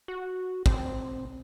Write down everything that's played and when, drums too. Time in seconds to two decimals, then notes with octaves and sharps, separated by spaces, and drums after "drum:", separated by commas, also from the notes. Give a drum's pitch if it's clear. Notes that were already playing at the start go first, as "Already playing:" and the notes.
0.08 F#4
0.66 C4, drum: kick